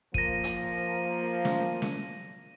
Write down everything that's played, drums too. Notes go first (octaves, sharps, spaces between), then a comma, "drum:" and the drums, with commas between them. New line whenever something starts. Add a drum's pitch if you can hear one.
F3 A#3 A#6 D#7, drum: kick
drum: hi-hat
drum: snare
drum: snare